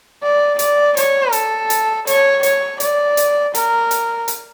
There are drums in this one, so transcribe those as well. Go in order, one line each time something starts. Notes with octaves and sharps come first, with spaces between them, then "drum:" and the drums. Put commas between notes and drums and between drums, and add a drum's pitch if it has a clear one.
D5
D5, drum: hi-hat
C#5, drum: hi-hat
A4, drum: hi-hat
drum: hi-hat
C#5, drum: hi-hat
C#5, drum: hi-hat
D5, drum: hi-hat
drum: hi-hat
A#4, drum: hi-hat
drum: hi-hat
drum: hi-hat